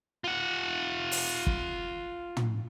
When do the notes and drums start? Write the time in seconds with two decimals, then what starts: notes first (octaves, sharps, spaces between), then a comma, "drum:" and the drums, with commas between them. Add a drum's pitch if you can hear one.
0.24 F4 F#5
1.12 drum: open hi-hat
1.47 drum: kick
2.37 drum: tom